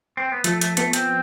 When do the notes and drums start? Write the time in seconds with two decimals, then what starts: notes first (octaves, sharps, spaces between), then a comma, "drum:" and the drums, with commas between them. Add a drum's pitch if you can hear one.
0.17 C4
0.32 B3
0.44 F3 A3, drum: hi-hat
0.61 A3, drum: hi-hat
0.77 A3 B3, drum: hi-hat
0.93 C4, drum: hi-hat